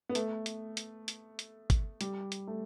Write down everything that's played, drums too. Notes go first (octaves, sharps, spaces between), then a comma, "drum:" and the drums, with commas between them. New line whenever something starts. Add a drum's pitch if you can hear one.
B3
A3, drum: hi-hat
drum: hi-hat
drum: hi-hat
drum: hi-hat
drum: hi-hat
drum: kick, hi-hat
G3, drum: hi-hat
drum: hi-hat
A3